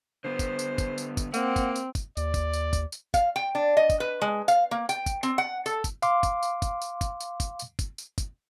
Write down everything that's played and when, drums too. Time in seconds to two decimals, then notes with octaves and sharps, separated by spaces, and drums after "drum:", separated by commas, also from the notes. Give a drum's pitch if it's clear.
0.24 D3 B3 C5
0.39 drum: kick, tambourine
0.59 drum: tambourine
0.78 drum: kick, tambourine
0.98 drum: tambourine
1.17 drum: kick, tambourine
1.34 A#3 C4 F#5, drum: tambourine
1.56 drum: kick, tambourine
1.76 drum: tambourine
1.95 drum: kick, tambourine
2.17 D#2 D5, drum: tambourine
2.34 drum: kick, tambourine
2.53 drum: tambourine
2.73 drum: kick, tambourine
2.92 drum: tambourine
3.14 F5, drum: kick, tambourine
3.36 G5
3.55 D4
3.77 D#5
3.90 drum: kick, tambourine
4.00 B4
4.22 G#3
4.48 F5, drum: tambourine
4.71 A#3
4.89 G5, drum: tambourine
5.06 drum: kick, tambourine
5.23 C4, drum: tambourine
5.38 F#5
5.66 A4, drum: tambourine
5.84 drum: kick, tambourine
6.02 F5 C6 D6, drum: tambourine
6.23 drum: kick, tambourine
6.43 drum: tambourine
6.62 drum: kick, tambourine
6.82 drum: tambourine
7.01 drum: kick, tambourine
7.20 drum: tambourine
7.40 drum: kick, tambourine
7.59 drum: tambourine
7.79 drum: kick, tambourine
7.98 drum: tambourine
8.18 drum: kick, tambourine